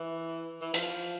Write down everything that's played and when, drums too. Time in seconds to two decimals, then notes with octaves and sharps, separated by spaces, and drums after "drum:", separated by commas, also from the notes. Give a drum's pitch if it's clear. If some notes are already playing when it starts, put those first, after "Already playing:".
Already playing: E3
0.61 E3
0.74 F3, drum: hi-hat